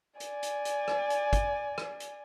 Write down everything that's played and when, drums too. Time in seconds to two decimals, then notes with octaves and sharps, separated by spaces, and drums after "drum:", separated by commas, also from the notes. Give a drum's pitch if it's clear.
0.20 D5 G#5, drum: hi-hat
0.43 drum: hi-hat
0.65 drum: hi-hat
0.88 drum: rim click
1.10 drum: hi-hat
1.33 drum: kick, hi-hat
1.78 drum: rim click
2.00 drum: hi-hat